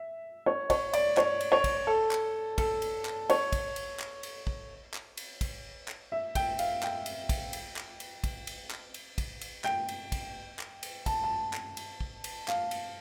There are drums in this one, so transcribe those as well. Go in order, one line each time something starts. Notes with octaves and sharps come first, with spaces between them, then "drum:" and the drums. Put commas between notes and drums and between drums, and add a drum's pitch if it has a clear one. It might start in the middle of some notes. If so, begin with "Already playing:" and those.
Already playing: E5
C#5
C#5, drum: kick, cymbal
D5, drum: cymbal
C#5, drum: clap
drum: cymbal
C#5
drum: kick, cymbal
A4
drum: clap
A4, drum: kick, cymbal
drum: cymbal
drum: clap
C#5, drum: cymbal
drum: kick, cymbal
drum: cymbal
drum: clap
drum: cymbal
drum: kick
drum: clap
drum: cymbal
drum: kick, cymbal
drum: clap
E5
G5, drum: kick, cymbal
F5, drum: cymbal
G5, drum: clap
drum: cymbal
drum: kick, cymbal
drum: cymbal
drum: clap
drum: cymbal
drum: kick, cymbal
drum: cymbal
drum: clap
drum: cymbal
drum: kick, cymbal
drum: cymbal
G5, drum: clap
drum: cymbal
drum: kick, cymbal
drum: clap
drum: cymbal
A5, drum: kick, cymbal
A5
drum: clap
drum: cymbal
drum: kick
drum: cymbal
F5, drum: clap
drum: cymbal